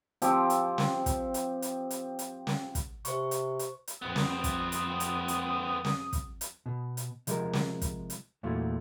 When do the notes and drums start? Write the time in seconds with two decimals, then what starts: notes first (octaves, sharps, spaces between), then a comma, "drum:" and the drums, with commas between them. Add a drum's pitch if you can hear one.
0.22 F3 C4 G4, drum: hi-hat
0.50 drum: hi-hat
0.78 drum: snare
1.06 drum: kick, hi-hat
1.34 drum: hi-hat
1.62 drum: hi-hat
1.90 drum: hi-hat
2.19 drum: hi-hat
2.47 drum: snare
2.75 drum: kick, hi-hat
3.05 C3 C5 C#6, drum: hi-hat
3.31 drum: hi-hat
3.59 drum: hi-hat
3.88 drum: hi-hat
4.02 F2 B3 C4 D#6
4.16 drum: snare
4.44 drum: kick, hi-hat
4.72 drum: hi-hat
5.00 drum: hi-hat
5.28 drum: hi-hat
5.85 drum: snare
6.13 drum: kick, hi-hat
6.41 drum: hi-hat
6.66 B2
6.97 drum: hi-hat
7.27 C3 F3 G#3 A#4, drum: hi-hat
7.53 drum: snare
7.82 drum: kick, hi-hat
8.10 drum: hi-hat
8.43 E2 A#2 F#3 A3 E4 F4